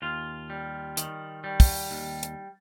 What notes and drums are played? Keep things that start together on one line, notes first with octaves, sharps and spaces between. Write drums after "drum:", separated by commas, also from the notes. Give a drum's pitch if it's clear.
D#2 F4
G3
D#3, drum: hi-hat
G3
drum: kick, open hi-hat
D#2
drum: hi-hat